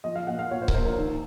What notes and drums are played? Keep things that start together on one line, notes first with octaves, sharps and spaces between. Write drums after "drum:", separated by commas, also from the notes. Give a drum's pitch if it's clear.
F3 D#5
F5
A#2 F#5
F5
A#1 C#5
C5
A#4, drum: kick C#1
A#1 C5
A#4
D#3